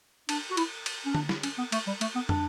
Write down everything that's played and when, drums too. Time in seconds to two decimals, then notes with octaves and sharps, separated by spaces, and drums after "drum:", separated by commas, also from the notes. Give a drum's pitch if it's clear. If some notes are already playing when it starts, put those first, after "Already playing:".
0.29 D4, drum: cymbal
0.51 F#4
0.57 E4, drum: cymbal
0.86 drum: cymbal
1.06 C#4
1.15 D4, drum: tom D3
1.29 E4, drum: snare
1.43 C#4, drum: cymbal
1.58 B3
1.72 A3, drum: cymbal
1.87 G3
2.01 A3, drum: cymbal
2.15 B3
2.29 D4, drum: tom